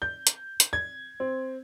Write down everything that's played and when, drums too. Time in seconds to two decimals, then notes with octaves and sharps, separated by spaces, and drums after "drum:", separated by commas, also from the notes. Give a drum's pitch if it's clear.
0.02 G6
0.27 drum: hi-hat
0.60 drum: hi-hat
0.73 G#6
1.20 C4